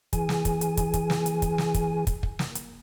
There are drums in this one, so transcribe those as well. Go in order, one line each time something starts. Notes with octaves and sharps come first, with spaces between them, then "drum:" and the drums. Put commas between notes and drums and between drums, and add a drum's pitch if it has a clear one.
E3 G#4 G#5, drum: kick, hi-hat
drum: snare
drum: kick, hi-hat
drum: hi-hat
drum: kick, hi-hat
drum: kick, hi-hat
drum: snare
drum: hi-hat
drum: kick, hi-hat
drum: snare
drum: kick, hi-hat
drum: kick, hi-hat
drum: kick
drum: snare
drum: hi-hat